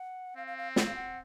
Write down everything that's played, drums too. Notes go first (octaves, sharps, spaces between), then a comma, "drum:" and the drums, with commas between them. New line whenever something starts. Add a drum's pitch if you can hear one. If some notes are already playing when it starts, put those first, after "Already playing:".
Already playing: F#5
C4 F5
F5
F5
F#5, drum: snare
F5
F#5